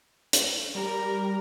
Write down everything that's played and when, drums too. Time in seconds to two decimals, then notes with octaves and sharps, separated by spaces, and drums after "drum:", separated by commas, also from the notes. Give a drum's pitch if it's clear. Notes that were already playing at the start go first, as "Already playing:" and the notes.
0.33 drum: hi-hat
0.75 G3 A#4